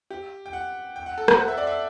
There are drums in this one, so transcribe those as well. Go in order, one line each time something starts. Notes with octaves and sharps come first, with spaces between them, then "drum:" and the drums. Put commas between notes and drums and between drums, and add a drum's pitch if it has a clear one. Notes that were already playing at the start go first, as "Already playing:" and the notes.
G4
G5
F#5
G5
F#5
A4
C5, drum: rim click
F#5
E5
D5
E5